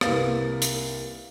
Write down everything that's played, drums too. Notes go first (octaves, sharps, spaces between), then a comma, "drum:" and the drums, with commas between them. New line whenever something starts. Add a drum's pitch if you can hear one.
C2 A#3 B4 F5 A6, drum: rim click
drum: hi-hat